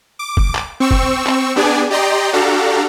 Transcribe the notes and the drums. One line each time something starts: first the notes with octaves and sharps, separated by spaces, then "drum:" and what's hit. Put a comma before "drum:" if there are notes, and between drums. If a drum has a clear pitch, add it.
D6
drum: kick
drum: clap
C4 C#6 E6
drum: kick
drum: clap
B3 D4 G4 G#4 D5 G#5
G4 D5 D#5 G5 A#5 C6
D4 F#4 G4 A4 F5 A#5